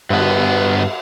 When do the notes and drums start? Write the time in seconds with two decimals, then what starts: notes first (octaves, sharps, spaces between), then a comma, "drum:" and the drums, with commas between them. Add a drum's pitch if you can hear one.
0.10 G2 B3, drum: cymbal